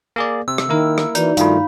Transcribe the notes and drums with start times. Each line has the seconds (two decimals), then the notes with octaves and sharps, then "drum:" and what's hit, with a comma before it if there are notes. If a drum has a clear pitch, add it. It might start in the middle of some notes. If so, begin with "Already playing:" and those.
0.16 A#3 G#4 D5
0.48 C3 E6
0.58 drum: rim click
0.69 D#3 A#3 E4 A#4
0.98 drum: rim click
1.15 E3 D#4 F#4 D5, drum: hi-hat
1.37 G2 D#3 A3 F4 F5 B5, drum: hi-hat